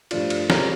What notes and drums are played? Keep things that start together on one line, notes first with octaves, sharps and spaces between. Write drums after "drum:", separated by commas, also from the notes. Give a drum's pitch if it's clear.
G2 F3 A3 D4 F4, drum: cymbal
drum: cymbal
C#3 G3 C#4 G4 A#4, drum: snare